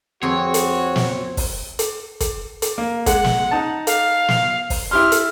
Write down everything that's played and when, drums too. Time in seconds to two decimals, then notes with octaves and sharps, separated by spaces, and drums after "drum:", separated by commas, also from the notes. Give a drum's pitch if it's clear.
0.23 F2 C4 F#4 G#4 C#5
0.54 drum: hi-hat
0.96 drum: snare
1.37 drum: kick, open hi-hat
1.79 drum: hi-hat
2.20 drum: kick, hi-hat
2.62 drum: hi-hat
2.78 A#3
3.06 G#3 F#5, drum: kick, hi-hat
3.24 drum: snare
3.51 D#4 A5
3.87 F5, drum: hi-hat
4.28 drum: snare
4.70 drum: kick, open hi-hat
4.91 E4 G4 C6 F6
5.12 drum: hi-hat